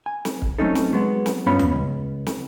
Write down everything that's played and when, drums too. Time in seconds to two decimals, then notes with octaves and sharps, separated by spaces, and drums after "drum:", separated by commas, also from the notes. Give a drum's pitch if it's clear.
0.06 G#5
0.25 drum: snare
0.42 drum: kick
0.58 F#3 A3 C4 C#4 D#4 A4
0.75 drum: snare
0.93 F#3 G#3 B3
1.26 drum: snare
1.46 G2 B3 C#4 F4 C#5 B5
1.59 drum: tom D#2
1.72 C#2
2.26 drum: snare